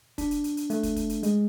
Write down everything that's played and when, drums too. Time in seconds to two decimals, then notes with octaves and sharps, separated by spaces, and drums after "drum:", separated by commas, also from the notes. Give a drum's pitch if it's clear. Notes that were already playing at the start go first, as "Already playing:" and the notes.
0.18 D4, drum: kick, hi-hat
0.31 drum: hi-hat
0.44 drum: hi-hat
0.57 drum: hi-hat
0.70 A3, drum: hi-hat
0.83 drum: kick, hi-hat
0.96 drum: kick, hi-hat
1.09 drum: hi-hat
1.23 G#3, drum: hi-hat